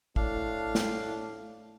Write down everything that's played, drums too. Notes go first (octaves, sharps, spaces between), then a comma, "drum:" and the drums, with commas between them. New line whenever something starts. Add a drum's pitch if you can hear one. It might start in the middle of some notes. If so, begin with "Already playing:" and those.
A2 D4 F5, drum: kick
drum: snare